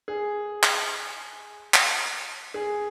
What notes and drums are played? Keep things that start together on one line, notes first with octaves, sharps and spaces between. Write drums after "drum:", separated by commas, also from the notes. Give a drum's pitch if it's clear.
G#4
drum: clap
drum: clap
G#4